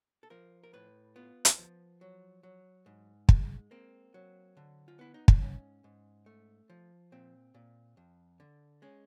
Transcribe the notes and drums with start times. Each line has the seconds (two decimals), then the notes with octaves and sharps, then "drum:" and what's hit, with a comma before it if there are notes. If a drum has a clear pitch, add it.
0.23 A4
0.30 F3 A#4
0.63 A#4
0.73 A2 B4
1.16 B3 F4
1.45 drum: hi-hat
1.58 F3
2.01 F#3
2.43 F#3
2.86 G#2
3.29 G#3, drum: kick
3.71 A#3 C4
4.14 F#3
4.57 D3
4.88 F4
4.99 B3 E4
5.14 D#4
5.28 D4, drum: kick
5.41 G#2 C#4
5.84 G#2
6.26 A3
6.70 F3
7.12 A#2 C4
7.55 A#2
7.97 F2
8.40 D3
8.82 G#3 C#4